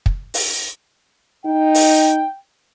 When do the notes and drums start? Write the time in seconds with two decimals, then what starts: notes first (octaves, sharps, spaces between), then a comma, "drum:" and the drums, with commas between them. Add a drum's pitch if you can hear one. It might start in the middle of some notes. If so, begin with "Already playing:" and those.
0.06 drum: kick
0.34 drum: open hi-hat
1.46 D#4 G5
1.75 drum: open hi-hat